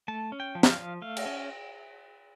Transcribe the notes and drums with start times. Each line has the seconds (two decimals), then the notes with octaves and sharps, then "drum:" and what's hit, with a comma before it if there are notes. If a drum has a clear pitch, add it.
0.08 A3 A5
0.32 C#4
0.40 G5
0.55 F3
0.63 E5, drum: snare
0.70 F5
0.79 F3
1.02 A3 F5
1.17 drum: cymbal
1.26 C#4